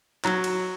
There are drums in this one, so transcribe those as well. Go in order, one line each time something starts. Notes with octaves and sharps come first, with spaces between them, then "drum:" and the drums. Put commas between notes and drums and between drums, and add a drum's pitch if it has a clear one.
F#3, drum: clap
drum: cymbal